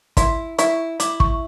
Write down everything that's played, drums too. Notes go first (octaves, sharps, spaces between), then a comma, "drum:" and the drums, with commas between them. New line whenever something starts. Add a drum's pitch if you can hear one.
E4 C6, drum: kick, hi-hat
E4 C#6, drum: hi-hat
E4 D6, drum: hi-hat
C#6, drum: kick